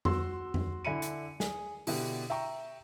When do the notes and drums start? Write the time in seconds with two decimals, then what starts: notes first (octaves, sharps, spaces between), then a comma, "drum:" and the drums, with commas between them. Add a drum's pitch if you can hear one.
0.05 F#4 C6 E6, drum: tom F2
0.54 drum: tom F2
0.84 D3 E4 G#5 B5 C#7 D#7
1.02 drum: hi-hat
1.40 G#4, drum: snare
1.87 B2 D3 E4 G4, drum: open hi-hat
2.30 E5 G5 A#5 C#6